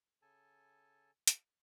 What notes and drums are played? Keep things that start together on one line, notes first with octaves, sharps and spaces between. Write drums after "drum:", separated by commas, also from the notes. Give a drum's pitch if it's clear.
C#3 A4 G#5 A5
drum: hi-hat